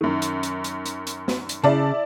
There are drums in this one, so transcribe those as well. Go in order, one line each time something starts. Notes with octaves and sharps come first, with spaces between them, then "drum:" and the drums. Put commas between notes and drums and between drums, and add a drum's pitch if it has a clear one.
F#2 D#3
drum: hi-hat
drum: hi-hat
drum: hi-hat
drum: hi-hat
drum: hi-hat
drum: snare
drum: hi-hat
C#3 E4 D5 A5